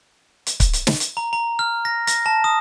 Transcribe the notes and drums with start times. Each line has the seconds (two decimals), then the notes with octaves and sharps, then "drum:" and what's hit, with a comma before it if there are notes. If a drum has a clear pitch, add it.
0.47 drum: hi-hat
0.60 drum: kick C#1, hi-hat
0.73 drum: hi-hat
0.87 drum: snare
1.00 drum: hi-hat
1.17 A#5
1.33 A#5
1.59 F6
1.85 A#6
2.07 A#6, drum: hi-hat
2.26 A5
2.44 D#6